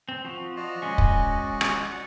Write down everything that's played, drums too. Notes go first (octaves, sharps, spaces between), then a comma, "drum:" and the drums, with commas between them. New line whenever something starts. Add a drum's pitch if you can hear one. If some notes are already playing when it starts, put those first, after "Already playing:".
C4
F3 F#4
F#4 D5 D#5
G#3 C#4
drum: kick
drum: rim click
D5 F#5